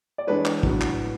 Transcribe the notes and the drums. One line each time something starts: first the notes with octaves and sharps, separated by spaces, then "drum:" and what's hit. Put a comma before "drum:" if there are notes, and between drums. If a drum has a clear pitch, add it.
D5
E3 G#3 B3 D4 B4 C#5
drum: clap
A2 F#3 B3 D4, drum: kick
drum: clap